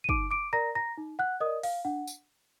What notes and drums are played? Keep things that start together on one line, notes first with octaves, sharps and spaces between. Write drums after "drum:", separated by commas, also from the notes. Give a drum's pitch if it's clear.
D#7
D#4 D6 D7, drum: kick
D6 D7
A#4 D5 A#5 A#6
A#5 A#6
D#4
F#5 F#6
A#4 D5 D#5 D#6
F5, drum: open hi-hat
D4 F#5
drum: tambourine